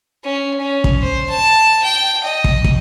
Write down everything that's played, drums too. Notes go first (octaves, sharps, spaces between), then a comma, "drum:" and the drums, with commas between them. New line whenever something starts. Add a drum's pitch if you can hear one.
C#4
C#4
drum: kick
C5
A5
G5
D#5
drum: kick
drum: kick